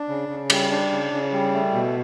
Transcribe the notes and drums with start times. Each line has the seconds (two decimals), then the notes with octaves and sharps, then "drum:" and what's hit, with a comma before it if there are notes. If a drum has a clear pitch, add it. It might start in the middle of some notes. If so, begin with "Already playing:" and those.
Already playing: D4
0.08 C#3
0.29 C#3
0.50 G3, drum: cymbal
0.71 D4
0.92 C#3
1.12 C#3
1.32 G3
1.54 A3
1.74 B2